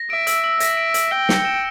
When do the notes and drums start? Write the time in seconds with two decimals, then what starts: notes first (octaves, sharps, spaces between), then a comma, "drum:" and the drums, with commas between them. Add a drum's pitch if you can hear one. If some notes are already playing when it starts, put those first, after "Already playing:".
Already playing: A#6
0.10 E5 D7
0.27 E6, drum: hi-hat
0.44 E6
0.60 E5 A#6, drum: hi-hat
0.77 D7
0.94 E6, drum: hi-hat
1.11 G5 G7
1.29 C#7, drum: snare
1.45 E7